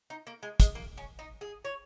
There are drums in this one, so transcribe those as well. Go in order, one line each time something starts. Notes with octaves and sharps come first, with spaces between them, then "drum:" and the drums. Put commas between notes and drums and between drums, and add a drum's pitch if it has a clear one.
D#4
A#3
G#3
G#3, drum: kick, hi-hat
A#3
C#4
D#4
G#4
C#5